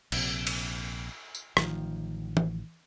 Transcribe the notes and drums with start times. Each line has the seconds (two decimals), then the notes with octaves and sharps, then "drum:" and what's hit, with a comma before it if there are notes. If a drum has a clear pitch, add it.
0.12 A#1 C3, drum: cymbal
0.47 drum: cymbal
1.35 drum: tambourine
1.57 A1 D#3 F3, drum: rim click
2.37 drum: tom E3